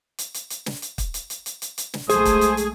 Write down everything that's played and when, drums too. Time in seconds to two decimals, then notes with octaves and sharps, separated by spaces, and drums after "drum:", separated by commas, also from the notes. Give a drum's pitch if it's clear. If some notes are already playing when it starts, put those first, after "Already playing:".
0.18 drum: hi-hat
0.34 drum: hi-hat
0.50 drum: hi-hat
0.66 drum: snare
0.82 drum: hi-hat
0.98 drum: kick, hi-hat
1.14 drum: hi-hat
1.30 drum: hi-hat
1.46 drum: hi-hat
1.62 drum: hi-hat
1.78 drum: hi-hat
1.94 drum: snare
2.09 B1 G#3 A3 G#4 C5 D#6, drum: hi-hat
2.25 drum: kick, hi-hat
2.41 drum: hi-hat
2.57 drum: hi-hat